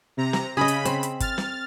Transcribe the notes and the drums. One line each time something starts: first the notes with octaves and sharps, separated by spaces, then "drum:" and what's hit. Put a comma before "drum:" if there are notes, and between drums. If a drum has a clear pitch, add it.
C3 A#5
drum: snare
C#3 G#4 D#5 B5
drum: hi-hat
C4, drum: hi-hat
drum: hi-hat
F6 A6, drum: kick G1, hi-hat
drum: snare